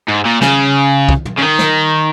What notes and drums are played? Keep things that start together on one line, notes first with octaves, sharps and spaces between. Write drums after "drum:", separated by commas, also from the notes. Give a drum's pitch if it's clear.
G#2
A#2
C#3, drum: snare
drum: kick
drum: tom
C#3
D#3
drum: snare